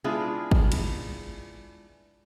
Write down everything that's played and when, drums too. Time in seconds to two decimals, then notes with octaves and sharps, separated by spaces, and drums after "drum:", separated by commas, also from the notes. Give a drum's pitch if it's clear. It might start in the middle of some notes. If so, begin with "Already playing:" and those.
0.04 G#3 B3 D4 E4 F4 G#4
0.51 drum: kick
0.72 drum: cymbal